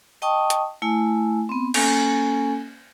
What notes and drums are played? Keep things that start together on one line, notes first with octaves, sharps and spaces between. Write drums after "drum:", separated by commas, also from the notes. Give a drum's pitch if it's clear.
D#5 G5 A5 C#6 D#6
drum: hi-hat
A3 E4 G#5
B3 C4
A#3 C#4 A4 G#5, drum: cymbal